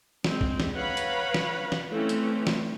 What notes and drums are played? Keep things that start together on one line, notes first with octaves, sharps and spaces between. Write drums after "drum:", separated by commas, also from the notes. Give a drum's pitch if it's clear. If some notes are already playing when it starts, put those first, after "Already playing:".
G#3 C4, drum: snare
drum: kick
drum: snare
B4 C#5 F5 F#5 A#5 B5
drum: hi-hat
drum: snare
drum: snare
E3 A3 C4 C#4 E4
drum: hi-hat
drum: snare